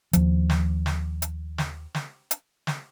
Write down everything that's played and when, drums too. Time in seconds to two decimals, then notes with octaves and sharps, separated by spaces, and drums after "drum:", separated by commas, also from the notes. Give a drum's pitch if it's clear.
0.13 D#2 F3, drum: hi-hat
0.50 drum: snare
0.86 drum: snare
1.22 drum: hi-hat
1.58 drum: snare
1.95 drum: snare
2.31 drum: hi-hat
2.67 drum: snare